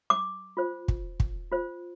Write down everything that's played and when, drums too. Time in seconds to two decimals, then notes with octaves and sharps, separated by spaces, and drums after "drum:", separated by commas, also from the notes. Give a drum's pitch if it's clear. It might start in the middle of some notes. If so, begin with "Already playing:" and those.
0.10 D6
0.57 F4 C5
0.88 drum: kick
1.20 drum: kick
1.52 F4 C5